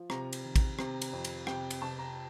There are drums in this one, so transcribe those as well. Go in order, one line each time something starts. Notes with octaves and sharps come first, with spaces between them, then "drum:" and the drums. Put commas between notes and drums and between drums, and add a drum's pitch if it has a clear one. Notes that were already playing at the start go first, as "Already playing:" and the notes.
Already playing: F3
C3 A#5, drum: rim click
drum: cymbal
D#3
drum: kick, cymbal
C3, drum: rim click
drum: cymbal
F2
drum: cymbal
C3 G5, drum: rim click
drum: cymbal
C3 A5
A#5